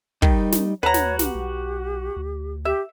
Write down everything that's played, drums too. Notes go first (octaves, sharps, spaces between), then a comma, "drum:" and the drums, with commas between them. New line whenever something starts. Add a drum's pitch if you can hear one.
D#3 G3 D#4, drum: kick
drum: snare
D#2 F#4 B4 C#5 F#5 A5 A#5
drum: snare
C2 G4, drum: snare
B1
D2
G4 E5